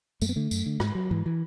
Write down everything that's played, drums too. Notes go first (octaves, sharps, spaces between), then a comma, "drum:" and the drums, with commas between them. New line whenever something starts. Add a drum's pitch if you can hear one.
F#2 A3, drum: tambourine
B3
D3 A3
F#2, drum: tambourine
D3
G#2, drum: rim click
F#3
G#2 E3
E3